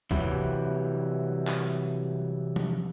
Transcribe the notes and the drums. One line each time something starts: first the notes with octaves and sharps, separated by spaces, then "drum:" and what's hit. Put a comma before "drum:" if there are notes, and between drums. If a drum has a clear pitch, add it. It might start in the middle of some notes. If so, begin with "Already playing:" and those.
C3 E3 F#3 G3, drum: kick
drum: clap
drum: tom F3